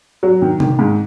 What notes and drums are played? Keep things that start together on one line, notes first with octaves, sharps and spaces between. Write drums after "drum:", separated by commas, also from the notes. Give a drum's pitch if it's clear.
F#3
D#3
D#3, drum: tom C3
G#2